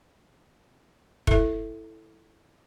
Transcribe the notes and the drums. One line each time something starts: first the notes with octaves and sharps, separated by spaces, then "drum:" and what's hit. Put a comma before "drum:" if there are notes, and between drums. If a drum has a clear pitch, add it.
E4 A4 E5, drum: kick